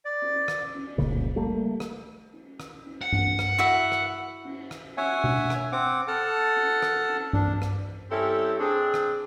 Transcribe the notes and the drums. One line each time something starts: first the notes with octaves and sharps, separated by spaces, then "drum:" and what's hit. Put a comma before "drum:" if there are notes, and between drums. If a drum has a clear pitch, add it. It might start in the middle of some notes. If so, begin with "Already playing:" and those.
D5
drum: cymbal
drum: rim click
drum: cymbal
F1 C#2 A#2 C#3, drum: tom C#3
G3 A3 A#3
drum: rim click
drum: cymbal
drum: rim click
drum: cymbal
F#5
drum: tom G2
drum: rim click
E4 F#4 E5
drum: rim click
drum: cymbal
drum: rim click
C#5 E5 F#5 G#5, drum: cymbal
drum: tom B2
drum: rim click
C4 F#5 D6
A4 F#5 A5 F6
drum: cymbal
drum: rim click
drum: cymbal
D4, drum: tom G2
drum: rim click
G3 C4 C#4 E4 G4 A4
C4 D4 G#4
drum: rim click